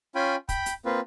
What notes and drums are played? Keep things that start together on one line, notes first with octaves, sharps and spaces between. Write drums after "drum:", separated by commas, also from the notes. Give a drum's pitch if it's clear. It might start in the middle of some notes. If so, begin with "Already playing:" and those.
C#4 F4 G5 G#5 B5
G5 B5, drum: kick, hi-hat
drum: hi-hat
A#3 C4 F4 B4